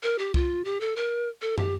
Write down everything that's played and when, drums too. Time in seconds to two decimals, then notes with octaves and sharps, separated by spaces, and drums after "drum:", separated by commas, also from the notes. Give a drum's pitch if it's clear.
0.03 A#4
0.18 G4
0.34 F4, drum: kick C2
0.64 G4
0.80 A4
0.96 A#4
1.42 A4
1.58 G4, drum: tom